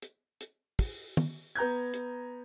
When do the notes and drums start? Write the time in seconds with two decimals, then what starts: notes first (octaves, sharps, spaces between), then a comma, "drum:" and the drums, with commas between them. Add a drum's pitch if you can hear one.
0.02 drum: hi-hat
0.41 drum: hi-hat
0.79 drum: kick, open hi-hat
1.17 drum: tom
1.55 B3 A#5 G6 G#6
1.94 drum: hi-hat